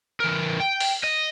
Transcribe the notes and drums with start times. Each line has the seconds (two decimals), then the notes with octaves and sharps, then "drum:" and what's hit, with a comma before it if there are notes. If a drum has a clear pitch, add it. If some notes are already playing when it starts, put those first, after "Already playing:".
0.20 E3 A#4
0.60 G5
0.80 drum: open hi-hat
1.03 D#5